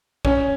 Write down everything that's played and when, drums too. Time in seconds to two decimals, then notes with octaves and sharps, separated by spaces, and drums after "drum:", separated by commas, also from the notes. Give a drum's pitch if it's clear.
0.25 C#4, drum: kick